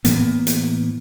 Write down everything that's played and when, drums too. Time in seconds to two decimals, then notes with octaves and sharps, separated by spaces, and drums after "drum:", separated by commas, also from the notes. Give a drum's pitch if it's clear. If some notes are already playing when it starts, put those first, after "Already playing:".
0.05 A2 E3 A#3 B3, drum: hi-hat
0.47 drum: hi-hat